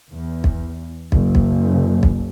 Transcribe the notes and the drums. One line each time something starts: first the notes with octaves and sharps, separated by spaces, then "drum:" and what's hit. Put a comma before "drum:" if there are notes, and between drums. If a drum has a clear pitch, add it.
E2
drum: kick
F#1, drum: kick
drum: kick
drum: kick